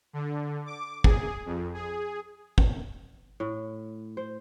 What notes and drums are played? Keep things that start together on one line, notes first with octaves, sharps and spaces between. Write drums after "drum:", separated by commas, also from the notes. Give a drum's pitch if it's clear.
D3
D6
G#4, drum: kick
F2
G#4
drum: kick
A2
C5